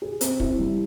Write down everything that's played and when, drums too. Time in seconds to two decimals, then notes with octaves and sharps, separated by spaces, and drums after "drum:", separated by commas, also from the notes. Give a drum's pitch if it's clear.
0.02 G#4
0.21 C4, drum: hi-hat
0.40 E4, drum: kick
0.58 G3